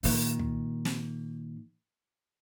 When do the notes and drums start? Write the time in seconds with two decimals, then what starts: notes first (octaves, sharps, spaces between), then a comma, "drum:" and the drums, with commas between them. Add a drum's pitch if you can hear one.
0.03 A#2 D#3, drum: open hi-hat
0.39 drum: kick
0.85 drum: snare